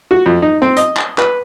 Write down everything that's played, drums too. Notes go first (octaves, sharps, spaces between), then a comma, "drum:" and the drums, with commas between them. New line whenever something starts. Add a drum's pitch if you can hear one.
F#4
F2
D#4
C4
D#5, drum: hi-hat
drum: clap
B4, drum: clap